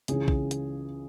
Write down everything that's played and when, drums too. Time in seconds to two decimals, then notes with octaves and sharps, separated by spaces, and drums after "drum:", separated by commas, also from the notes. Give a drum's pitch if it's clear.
0.08 C#2 C#3 E3 G#4, drum: hi-hat
0.28 drum: kick
0.51 drum: hi-hat